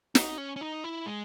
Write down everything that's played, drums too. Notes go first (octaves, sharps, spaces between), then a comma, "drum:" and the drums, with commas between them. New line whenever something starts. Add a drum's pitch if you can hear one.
D#4, drum: snare
C#4
C#4
D#4
E4
G#3